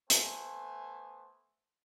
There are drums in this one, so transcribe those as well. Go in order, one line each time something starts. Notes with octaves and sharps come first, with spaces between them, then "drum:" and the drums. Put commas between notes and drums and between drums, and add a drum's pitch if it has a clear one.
A3 B3 C5 G#5, drum: hi-hat